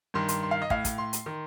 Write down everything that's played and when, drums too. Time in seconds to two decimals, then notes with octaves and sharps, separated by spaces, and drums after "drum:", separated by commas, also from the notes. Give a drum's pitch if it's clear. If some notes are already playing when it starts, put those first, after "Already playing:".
0.14 G2 D#3 C6
0.28 C6, drum: hi-hat
0.43 C6
0.51 F5
0.62 D#5
0.70 A2 F5, drum: kick
0.85 drum: kick, hi-hat
0.98 C6
1.13 drum: hi-hat
1.26 D#3